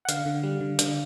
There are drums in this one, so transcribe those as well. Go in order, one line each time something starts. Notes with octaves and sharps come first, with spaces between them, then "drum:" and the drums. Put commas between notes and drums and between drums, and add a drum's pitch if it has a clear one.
F#5
D3 F5, drum: hi-hat
D3
G3
D3
D3, drum: hi-hat